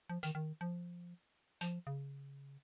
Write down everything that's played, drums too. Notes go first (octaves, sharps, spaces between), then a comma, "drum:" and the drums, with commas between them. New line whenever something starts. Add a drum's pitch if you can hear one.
F3
D#3, drum: tambourine
D#3
F3
F3, drum: tambourine
C#3